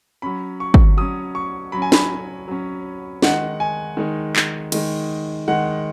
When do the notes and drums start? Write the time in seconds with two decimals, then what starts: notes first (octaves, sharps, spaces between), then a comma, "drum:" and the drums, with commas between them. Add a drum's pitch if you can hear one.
0.22 F#3 C#4 B5
0.60 C#6
0.74 drum: kick
0.97 F#3 C#4 D#6
1.35 C#6
1.72 F#3 C#4 B5
1.82 G#5
1.92 B5, drum: snare
2.48 F#3 C#4
3.22 D#3 G#3 D#4 F#5, drum: snare
3.60 G#5
3.97 D#3 G#3 D#4
4.36 drum: clap
4.72 D#3 G#3 D#4, drum: cymbal
5.48 D#3 G#3 D#4 F#5